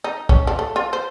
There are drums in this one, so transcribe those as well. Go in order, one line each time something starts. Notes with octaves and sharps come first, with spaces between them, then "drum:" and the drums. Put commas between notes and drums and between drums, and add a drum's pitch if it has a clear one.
D#4
C#4, drum: kick
F3
A3
F4
C5